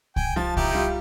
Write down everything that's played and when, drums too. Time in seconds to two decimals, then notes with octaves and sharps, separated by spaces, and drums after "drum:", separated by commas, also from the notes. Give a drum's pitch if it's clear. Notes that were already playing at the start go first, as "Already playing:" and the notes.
0.16 G5 G#5, drum: kick C2
0.36 F3 A5
0.56 D#4 E4 G4, drum: kick C2
0.72 G3 F4